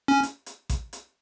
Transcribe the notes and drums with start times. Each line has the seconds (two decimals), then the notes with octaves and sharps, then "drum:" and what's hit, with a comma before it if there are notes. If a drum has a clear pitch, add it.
0.08 C#4
0.23 drum: hi-hat
0.46 drum: hi-hat
0.69 drum: kick A1, hi-hat
0.93 drum: hi-hat